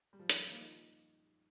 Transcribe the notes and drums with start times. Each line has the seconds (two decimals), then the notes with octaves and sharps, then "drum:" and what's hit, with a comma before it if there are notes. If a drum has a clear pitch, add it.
0.13 G3
0.19 F3
0.29 D#3, drum: hi-hat
0.40 F3
0.50 A#3
0.61 D#4